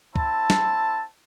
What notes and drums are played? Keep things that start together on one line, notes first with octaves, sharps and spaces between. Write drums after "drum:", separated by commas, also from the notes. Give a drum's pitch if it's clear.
C4 E4 A5, drum: kick
drum: snare